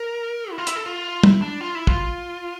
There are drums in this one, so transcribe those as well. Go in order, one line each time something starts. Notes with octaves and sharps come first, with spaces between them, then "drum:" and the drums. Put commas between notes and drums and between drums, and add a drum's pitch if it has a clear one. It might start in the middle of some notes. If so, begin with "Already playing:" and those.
Already playing: A#4
E4
F4
E4, drum: hi-hat
A4
F4
E4, drum: tom
D4
F4
E4
F4, drum: kick